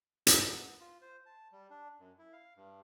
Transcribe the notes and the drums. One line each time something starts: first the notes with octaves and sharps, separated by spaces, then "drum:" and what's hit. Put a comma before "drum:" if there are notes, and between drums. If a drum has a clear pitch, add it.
drum: hi-hat
B3
F4
C5
A5
G3
D4
F#2
E4
F5
G2